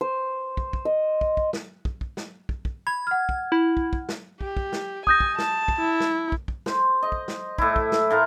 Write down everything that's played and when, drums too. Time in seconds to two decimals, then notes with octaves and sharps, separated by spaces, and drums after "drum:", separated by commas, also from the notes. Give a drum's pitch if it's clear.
0.01 C5
0.57 drum: kick
0.73 drum: kick
0.85 D#5
1.21 drum: kick
1.37 drum: kick
1.53 drum: snare
1.85 drum: kick
2.01 drum: kick
2.17 drum: snare
2.49 drum: kick
2.65 drum: kick
2.87 B5 G#6
3.07 F#5 F6
3.29 drum: kick
3.52 E4
3.77 drum: kick
3.93 drum: kick
4.09 drum: snare
4.41 G4, drum: kick
4.57 drum: kick
4.73 drum: snare
5.07 G#5 D#6 G6 A#6, drum: kick
5.20 drum: kick
5.38 A5, drum: snare
5.68 drum: kick
5.78 E4
6.00 drum: snare
6.32 drum: kick
6.48 drum: kick
6.66 C5, drum: snare
7.02 D#5
7.12 drum: kick
7.28 drum: snare
7.58 A2 E4, drum: kick
7.76 drum: kick
7.92 drum: snare
8.11 A2 F4 A#4